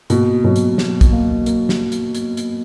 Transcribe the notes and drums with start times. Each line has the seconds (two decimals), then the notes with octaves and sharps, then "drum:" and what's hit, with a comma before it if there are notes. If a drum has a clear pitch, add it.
0.10 B2 A#3, drum: hi-hat
0.44 B2 F#3
0.56 drum: hi-hat
0.78 F#3, drum: snare
1.01 drum: kick, hi-hat
1.12 A#3
1.46 A#3, drum: hi-hat
1.69 drum: snare
1.92 drum: hi-hat
2.15 drum: hi-hat
2.37 drum: hi-hat